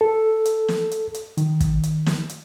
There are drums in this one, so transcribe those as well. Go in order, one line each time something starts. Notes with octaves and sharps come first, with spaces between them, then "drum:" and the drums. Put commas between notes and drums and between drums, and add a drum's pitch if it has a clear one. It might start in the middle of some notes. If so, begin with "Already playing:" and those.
A4
drum: hi-hat
drum: snare
drum: hi-hat
drum: hi-hat
D#3, drum: hi-hat
drum: kick, hi-hat
drum: hi-hat
drum: snare
drum: hi-hat